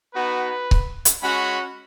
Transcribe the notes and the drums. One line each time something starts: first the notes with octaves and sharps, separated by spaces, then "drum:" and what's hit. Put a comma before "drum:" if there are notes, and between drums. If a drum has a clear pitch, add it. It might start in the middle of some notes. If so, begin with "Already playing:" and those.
B3 D#4 F#4 B4
drum: kick C#1
drum: hi-hat
G#3 C#4 F#4 F#5 B5